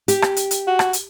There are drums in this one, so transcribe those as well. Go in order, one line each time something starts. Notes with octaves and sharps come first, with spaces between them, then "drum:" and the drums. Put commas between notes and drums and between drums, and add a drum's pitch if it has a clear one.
G4, drum: hi-hat
drum: rim click
drum: hi-hat
drum: hi-hat
F#4
drum: rim click
drum: hi-hat